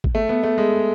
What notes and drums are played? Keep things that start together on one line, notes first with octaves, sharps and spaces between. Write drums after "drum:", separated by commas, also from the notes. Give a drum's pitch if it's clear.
drum: kick
A3
B3
A3
G#3